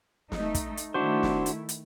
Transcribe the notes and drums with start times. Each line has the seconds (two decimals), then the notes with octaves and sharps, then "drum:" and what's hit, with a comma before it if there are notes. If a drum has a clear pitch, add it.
0.32 A3 D#4, drum: snare
0.55 drum: kick, hi-hat
0.77 drum: hi-hat
0.94 D#3 A3 D4 E4 F#4 C5
1.23 drum: snare
1.46 drum: hi-hat
1.69 drum: hi-hat